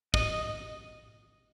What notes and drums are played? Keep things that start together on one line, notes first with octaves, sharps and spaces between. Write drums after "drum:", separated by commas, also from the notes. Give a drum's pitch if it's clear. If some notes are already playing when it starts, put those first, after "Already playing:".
D#5, drum: kick